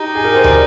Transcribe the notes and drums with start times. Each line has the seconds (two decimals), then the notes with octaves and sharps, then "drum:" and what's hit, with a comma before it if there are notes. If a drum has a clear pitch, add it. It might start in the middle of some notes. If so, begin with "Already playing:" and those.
Already playing: D#4 G4
0.15 G#4
0.24 G4 A#4
0.35 G#4 C5
0.44 A#4 D5, drum: tom